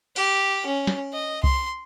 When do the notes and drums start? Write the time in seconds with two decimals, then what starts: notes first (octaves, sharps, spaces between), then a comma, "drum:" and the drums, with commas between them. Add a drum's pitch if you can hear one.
0.16 G4, drum: cymbal
0.66 C#4
0.87 drum: snare
1.13 D#5
1.43 C6, drum: kick C2